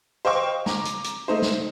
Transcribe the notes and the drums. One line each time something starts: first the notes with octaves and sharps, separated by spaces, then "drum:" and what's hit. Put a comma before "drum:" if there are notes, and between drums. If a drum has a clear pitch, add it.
C5 D#5 F5 G5 C6 C#6
A#5 D6, drum: snare
drum: hi-hat
drum: hi-hat
A3 D#4 C5
drum: snare